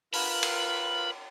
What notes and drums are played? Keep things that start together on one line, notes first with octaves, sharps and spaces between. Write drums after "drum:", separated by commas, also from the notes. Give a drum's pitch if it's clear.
F4 A#4 B4 B5, drum: open hi-hat
drum: cymbal